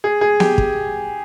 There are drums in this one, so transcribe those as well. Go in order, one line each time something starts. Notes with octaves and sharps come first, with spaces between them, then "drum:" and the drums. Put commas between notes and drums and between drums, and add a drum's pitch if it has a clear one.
G#4
G#4
G4, drum: snare B3
drum: kick